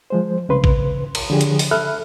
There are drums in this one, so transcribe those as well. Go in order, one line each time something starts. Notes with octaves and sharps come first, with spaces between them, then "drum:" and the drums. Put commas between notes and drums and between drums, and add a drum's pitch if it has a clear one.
F3 G#3 C5
C2 C#3 B4 C6
drum: kick
drum: cymbal
D3 F3 G4 G#4
drum: hi-hat
drum: open hi-hat
A4 E5 B5 F6 F#6